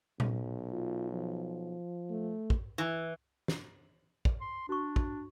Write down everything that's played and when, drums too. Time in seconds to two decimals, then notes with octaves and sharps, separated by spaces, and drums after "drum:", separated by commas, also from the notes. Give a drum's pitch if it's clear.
0.20 B1, drum: tom A#2
0.72 F4
1.11 F3
2.10 A3
2.50 drum: kick
2.78 E3
3.48 drum: snare
4.25 drum: kick
4.41 C6
4.69 D4 F#4 C#6
4.96 drum: kick